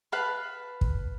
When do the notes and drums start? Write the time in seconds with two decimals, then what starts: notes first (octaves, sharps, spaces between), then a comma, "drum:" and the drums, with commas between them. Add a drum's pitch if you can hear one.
0.12 B4 F5 A5 B5
0.81 drum: kick